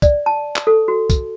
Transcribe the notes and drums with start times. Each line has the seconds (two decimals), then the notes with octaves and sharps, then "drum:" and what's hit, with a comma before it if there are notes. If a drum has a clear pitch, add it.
0.02 D5, drum: kick, tambourine
0.26 A5
0.56 drum: clap
0.67 A4
0.88 F#4
1.10 drum: kick, tambourine